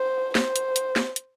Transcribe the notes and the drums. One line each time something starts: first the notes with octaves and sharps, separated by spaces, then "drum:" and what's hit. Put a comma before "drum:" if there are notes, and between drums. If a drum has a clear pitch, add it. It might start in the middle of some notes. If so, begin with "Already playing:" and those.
Already playing: C5
C5, drum: snare
drum: hi-hat
drum: hi-hat
drum: snare
drum: hi-hat